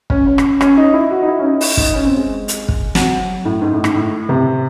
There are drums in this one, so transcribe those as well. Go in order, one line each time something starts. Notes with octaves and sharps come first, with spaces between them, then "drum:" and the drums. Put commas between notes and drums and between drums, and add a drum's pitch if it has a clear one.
C#4, drum: kick
C#4
drum: rim click
C#4, drum: rim click
D#4
E4
F#4
D#4
E4
C#4
D#4
E4, drum: open hi-hat
D#4, drum: kick
C#4
C4
G#3
drum: hi-hat
drum: kick
F#3, drum: snare
A2
G#2
A2
G#2, drum: rim click
A2
C3